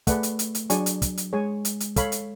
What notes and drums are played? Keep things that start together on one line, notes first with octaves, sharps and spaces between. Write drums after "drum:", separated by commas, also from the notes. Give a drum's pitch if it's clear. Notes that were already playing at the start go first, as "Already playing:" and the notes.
A3 G#4 B4 D5 F#5, drum: kick, hi-hat
drum: hi-hat
drum: hi-hat
drum: hi-hat
F#3 D4 G#4 D5 G#5 C#6, drum: hi-hat
drum: hi-hat
drum: kick, hi-hat
drum: hi-hat
G#3 G#4 C#5 G#5
drum: hi-hat
drum: hi-hat
A4 C#5 F5 B5, drum: kick, hi-hat
drum: hi-hat